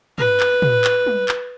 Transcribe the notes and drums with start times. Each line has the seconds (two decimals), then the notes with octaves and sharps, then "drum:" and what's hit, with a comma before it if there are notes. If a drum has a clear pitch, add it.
0.18 B4, drum: tom
0.40 drum: clap
0.62 drum: tom
0.84 drum: clap
1.06 drum: tom
1.29 drum: clap